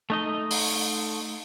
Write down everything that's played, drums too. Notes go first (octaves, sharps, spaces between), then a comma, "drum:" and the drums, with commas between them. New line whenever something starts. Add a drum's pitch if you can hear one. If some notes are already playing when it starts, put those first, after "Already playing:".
A3 D#4 D#5
drum: open hi-hat